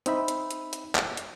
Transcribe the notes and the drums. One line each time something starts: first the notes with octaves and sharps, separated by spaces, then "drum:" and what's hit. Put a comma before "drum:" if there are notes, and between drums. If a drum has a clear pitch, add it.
C4 D#4 E5 B5, drum: hi-hat
drum: hi-hat
drum: hi-hat
drum: hi-hat
drum: clap
drum: hi-hat